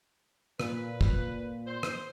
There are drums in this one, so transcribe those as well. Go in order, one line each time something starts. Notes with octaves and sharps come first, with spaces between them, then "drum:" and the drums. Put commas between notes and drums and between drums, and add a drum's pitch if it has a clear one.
A#2 B4, drum: rim click
drum: kick
C5
drum: rim click